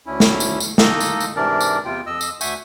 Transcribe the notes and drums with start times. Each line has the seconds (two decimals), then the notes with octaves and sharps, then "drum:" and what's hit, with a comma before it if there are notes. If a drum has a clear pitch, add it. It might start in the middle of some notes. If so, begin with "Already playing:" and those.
0.06 D2 C#4 E4
0.20 drum: snare
0.40 drum: tambourine
0.60 drum: tambourine
0.78 A#3 D#4 A4 D#5, drum: snare
1.00 drum: tambourine
1.20 drum: tambourine
1.36 G#2 C3 E3 D4 A#4 D5
1.61 drum: tambourine
1.85 E2 C3 F4 G5
2.06 F2 D#5 E6
2.21 drum: tambourine
2.41 D2 E5 F#5 G#5 C#6 G6, drum: tambourine